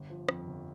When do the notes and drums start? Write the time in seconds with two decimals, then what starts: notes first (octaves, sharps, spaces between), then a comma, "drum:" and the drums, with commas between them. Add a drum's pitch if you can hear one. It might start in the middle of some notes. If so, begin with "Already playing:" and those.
Already playing: G1
0.10 F3
0.29 F2, drum: rim click
0.47 G1